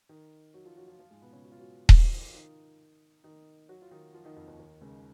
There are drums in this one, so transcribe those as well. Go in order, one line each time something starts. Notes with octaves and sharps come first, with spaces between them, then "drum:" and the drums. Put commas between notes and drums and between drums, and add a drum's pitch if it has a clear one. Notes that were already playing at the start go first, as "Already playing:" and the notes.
D#3 D#4
F#3 F#4
F3 F4
F#3 F#4
F3 F4
F3 F4
G#2 G#3
B2 B3
C#3 C#4
F#4
F4
F#3 F#4
F3 F4, drum: kick D#1
D#3 D#4
F4
D#3 D#4
D#3 D#4
F#3 F#4
F4
D#3 D#4
F3 F4
D#3 D#4
F2 F3
D#2 D#3
D#2 D#3
C#2 C#3